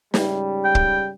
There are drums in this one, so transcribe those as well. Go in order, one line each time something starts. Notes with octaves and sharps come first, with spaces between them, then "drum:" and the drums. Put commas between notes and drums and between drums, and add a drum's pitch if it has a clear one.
G#2 C#3 G3, drum: snare
G5
drum: kick